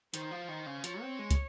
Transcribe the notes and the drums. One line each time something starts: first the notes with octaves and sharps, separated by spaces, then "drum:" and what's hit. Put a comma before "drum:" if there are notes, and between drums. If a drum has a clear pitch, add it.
D#3 C5, drum: hi-hat
F3
D#3
C#3
F3 C#5, drum: hi-hat
C4
G#3
drum: kick, hi-hat